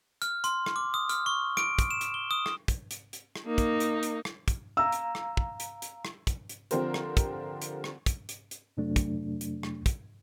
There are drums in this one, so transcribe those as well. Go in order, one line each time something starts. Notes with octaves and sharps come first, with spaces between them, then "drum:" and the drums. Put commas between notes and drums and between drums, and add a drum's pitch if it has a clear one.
F6, drum: hi-hat
C6, drum: hi-hat
drum: rim click
D6
D#6
F6, drum: hi-hat
C#6
D7, drum: rim click
drum: kick, hi-hat
E7
drum: hi-hat
G7
D#6
drum: rim click
drum: kick, hi-hat
drum: hi-hat
drum: hi-hat
drum: rim click
A#3 D#4
drum: kick, hi-hat
drum: hi-hat
drum: hi-hat
drum: rim click
drum: kick, hi-hat
F5 A#5 E6
drum: hi-hat
drum: rim click
drum: kick
drum: hi-hat
drum: hi-hat
drum: rim click
drum: kick, hi-hat
drum: hi-hat
D3 F3 C4 G4 A#4 C5, drum: hi-hat
drum: rim click
drum: kick, hi-hat
drum: hi-hat
drum: rim click
drum: kick, hi-hat
drum: hi-hat
drum: hi-hat
F2 C3 F#3 A3 D4
drum: kick, hi-hat
drum: hi-hat
drum: rim click
drum: kick, hi-hat